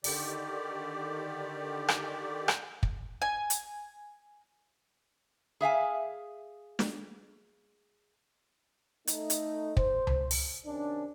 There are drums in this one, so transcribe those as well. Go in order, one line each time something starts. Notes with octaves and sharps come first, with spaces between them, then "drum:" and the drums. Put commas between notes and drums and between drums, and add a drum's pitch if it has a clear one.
D3 D#3 G4 D5, drum: open hi-hat
drum: rim click
drum: rim click
drum: kick
G#5
drum: hi-hat
G#4 E5 F5 G#5
drum: snare
A3 D#4, drum: hi-hat
drum: hi-hat
C5, drum: kick
drum: tom C#2
drum: open hi-hat
C3 D#3 C#4 D4